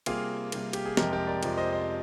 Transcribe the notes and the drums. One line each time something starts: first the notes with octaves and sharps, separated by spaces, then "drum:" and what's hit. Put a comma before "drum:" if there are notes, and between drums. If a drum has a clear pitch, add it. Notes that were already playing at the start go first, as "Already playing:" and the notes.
C3 G3 A#3 F4 G#4, drum: cymbal
C3 G3 A#3, drum: cymbal
G4, drum: cymbal
G#4
F2 C3 F3 G#3 G4 A#4, drum: snare
G4 A#4
A#4 D5
F2 C3 F3 G#3, drum: cymbal
C5 D#5
C5 D#5